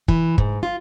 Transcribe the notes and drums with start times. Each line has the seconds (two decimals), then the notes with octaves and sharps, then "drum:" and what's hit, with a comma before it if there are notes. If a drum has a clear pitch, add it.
0.08 E3, drum: kick
0.38 G#2, drum: kick
0.63 F4